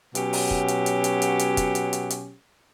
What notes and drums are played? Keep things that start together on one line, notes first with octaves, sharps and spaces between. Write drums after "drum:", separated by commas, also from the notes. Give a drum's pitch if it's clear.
B2 F#3 C#4 G4, drum: hi-hat
drum: open hi-hat
drum: kick
drum: hi-hat
drum: hi-hat
drum: hi-hat
drum: hi-hat
drum: hi-hat
drum: kick, hi-hat
drum: hi-hat
drum: hi-hat
drum: hi-hat